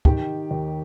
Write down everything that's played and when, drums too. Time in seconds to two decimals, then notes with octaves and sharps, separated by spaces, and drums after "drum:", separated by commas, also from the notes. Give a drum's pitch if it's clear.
0.05 D#3 G4 G5, drum: kick
0.51 D#2